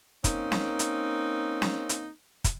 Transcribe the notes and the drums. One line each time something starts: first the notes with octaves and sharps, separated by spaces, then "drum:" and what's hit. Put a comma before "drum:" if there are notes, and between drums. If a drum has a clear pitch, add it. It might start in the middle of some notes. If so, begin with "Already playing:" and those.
A#3 C4 C#4 D#4, drum: kick, hi-hat
drum: snare C#4
drum: hi-hat
drum: snare C#4
drum: hi-hat
drum: kick, hi-hat